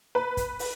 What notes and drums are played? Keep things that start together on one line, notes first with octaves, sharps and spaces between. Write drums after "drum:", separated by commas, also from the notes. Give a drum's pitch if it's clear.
B4
drum: kick, hi-hat
drum: open hi-hat